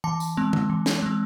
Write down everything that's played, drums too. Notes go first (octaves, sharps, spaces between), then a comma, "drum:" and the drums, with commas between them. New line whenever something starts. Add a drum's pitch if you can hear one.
E3 A5
drum: tambourine
G#3 C4
drum: tom D3
E3
drum: snare
G#3 C4